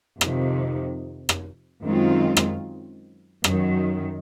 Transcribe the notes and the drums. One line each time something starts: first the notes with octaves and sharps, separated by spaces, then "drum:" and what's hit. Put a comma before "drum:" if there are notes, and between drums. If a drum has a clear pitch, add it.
F2 C3 D#3, drum: rim click
drum: rim click
F#2 D#3 G#3 C4 F4
drum: rim click
F#2 D#3 F#3, drum: rim click